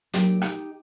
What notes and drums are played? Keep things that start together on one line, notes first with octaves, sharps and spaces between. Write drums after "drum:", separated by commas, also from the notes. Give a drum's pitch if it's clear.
A#2 F#3 D#4 G4, drum: hi-hat
D#4 G4, drum: rim click